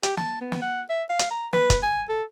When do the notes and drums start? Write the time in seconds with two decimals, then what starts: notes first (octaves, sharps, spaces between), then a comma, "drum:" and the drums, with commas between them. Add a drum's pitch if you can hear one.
0.03 G4, drum: hi-hat
0.17 A5, drum: snare
0.41 B3
0.52 drum: snare
0.62 F#5
0.90 E5
1.09 F5
1.19 drum: hi-hat
1.30 A#5
1.53 B4, drum: snare
1.70 drum: kick, hi-hat
1.83 G#5
2.09 A4